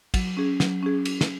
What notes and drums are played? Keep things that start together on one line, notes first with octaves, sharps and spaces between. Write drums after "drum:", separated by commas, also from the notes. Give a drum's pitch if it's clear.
F#3, drum: kick, cymbal
C#4 G#4
F#3, drum: snare
C#4 G#4
drum: cymbal
drum: snare